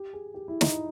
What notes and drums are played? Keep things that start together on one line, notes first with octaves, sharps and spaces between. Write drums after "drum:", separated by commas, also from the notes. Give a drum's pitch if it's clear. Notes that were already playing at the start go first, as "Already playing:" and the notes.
Already playing: G4
G#4
G4
E4
D#4, drum: snare